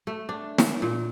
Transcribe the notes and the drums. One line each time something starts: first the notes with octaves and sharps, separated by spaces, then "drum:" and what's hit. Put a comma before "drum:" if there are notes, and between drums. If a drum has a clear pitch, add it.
A3
D4
drum: snare
A#2